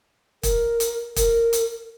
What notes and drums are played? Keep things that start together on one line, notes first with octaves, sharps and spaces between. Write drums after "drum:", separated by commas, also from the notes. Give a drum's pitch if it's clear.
A#4, drum: kick, hi-hat
drum: hi-hat
A#4, drum: kick, hi-hat
drum: hi-hat